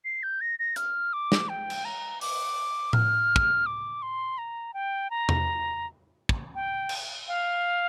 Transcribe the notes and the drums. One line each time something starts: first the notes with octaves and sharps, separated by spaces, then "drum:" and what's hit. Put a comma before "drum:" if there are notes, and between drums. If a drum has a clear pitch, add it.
C7
G6
A#6
A#6
F6, drum: hi-hat
D6
drum: snare
G5
drum: cymbal
A#5
D6, drum: open hi-hat
F6, drum: tom A2
drum: kick
D6
C6
A#5
G5
A#5
drum: tom E2
drum: kick
G5
drum: cymbal
F5